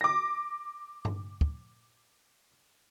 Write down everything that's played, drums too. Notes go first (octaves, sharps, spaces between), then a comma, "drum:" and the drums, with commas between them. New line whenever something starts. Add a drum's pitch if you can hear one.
D6 A#6
drum: tom G2
drum: kick